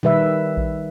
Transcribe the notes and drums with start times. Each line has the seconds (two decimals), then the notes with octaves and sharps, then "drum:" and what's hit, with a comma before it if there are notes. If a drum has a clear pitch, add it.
0.03 D#3 G3 B4 E5, drum: tom A#2
0.57 drum: kick A#1